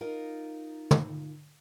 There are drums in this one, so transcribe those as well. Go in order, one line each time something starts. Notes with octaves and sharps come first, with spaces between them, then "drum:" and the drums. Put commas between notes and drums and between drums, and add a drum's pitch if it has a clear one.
D#4 F4 A#4
drum: tom